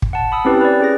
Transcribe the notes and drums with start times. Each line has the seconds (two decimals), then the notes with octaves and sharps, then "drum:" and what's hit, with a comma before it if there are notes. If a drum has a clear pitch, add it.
0.02 drum: kick
0.13 F#5 A5
0.32 B5 D#6 E6
0.45 C4 C#4 E4 G4 B4
0.61 B4 D5
0.80 C#4 G#4 A#6